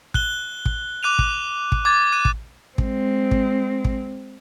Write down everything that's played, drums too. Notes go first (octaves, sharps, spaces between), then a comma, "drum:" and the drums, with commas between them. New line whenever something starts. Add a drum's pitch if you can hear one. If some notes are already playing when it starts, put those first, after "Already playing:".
F#6 G7, drum: kick
drum: kick
D6 F#6 D#7 F7
drum: kick
drum: kick
D6 G#6 A6
F#6 D#7 E7
drum: kick
G#3 C4, drum: kick
drum: kick
drum: kick